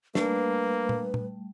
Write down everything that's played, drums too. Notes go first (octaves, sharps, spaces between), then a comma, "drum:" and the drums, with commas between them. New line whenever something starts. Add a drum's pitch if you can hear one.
G3 A3 A#3 D4 B4, drum: snare
drum: tom A#2
drum: tom A#2